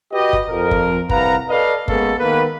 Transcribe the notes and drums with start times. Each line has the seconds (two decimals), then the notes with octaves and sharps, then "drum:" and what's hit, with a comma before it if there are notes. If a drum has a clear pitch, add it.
0.12 F#4 G4 B4 D#5
0.33 drum: kick F#1
0.48 F2 A#4
0.71 drum: kick F#1
1.09 C2 B4 F5 F#5 A#5, drum: kick F#1
1.49 A4 B4 D5 D#5 F5
1.88 G#3 A#3 B3 C#4 G#4 A4, drum: kick F#1
2.20 D#3 A#3 B3 B4